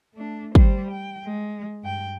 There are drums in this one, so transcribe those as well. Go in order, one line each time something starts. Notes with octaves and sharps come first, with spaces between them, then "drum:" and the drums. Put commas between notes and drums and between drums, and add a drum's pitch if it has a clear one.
A3 D4
G3 C5, drum: kick
G5
G#3
G2 G5